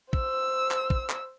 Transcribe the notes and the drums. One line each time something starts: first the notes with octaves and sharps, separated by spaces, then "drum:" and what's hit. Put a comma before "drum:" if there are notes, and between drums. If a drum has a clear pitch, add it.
C5 E6, drum: kick
drum: clap
drum: kick
drum: clap